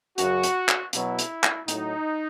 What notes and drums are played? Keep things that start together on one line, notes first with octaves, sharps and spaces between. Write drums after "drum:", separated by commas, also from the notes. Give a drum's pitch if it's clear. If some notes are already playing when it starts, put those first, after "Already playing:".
F#2 C#3 F#3 F#4, drum: hi-hat
drum: hi-hat
drum: clap
B2 F#3 E4, drum: hi-hat
drum: hi-hat
drum: clap
A2 F#3 D#4, drum: hi-hat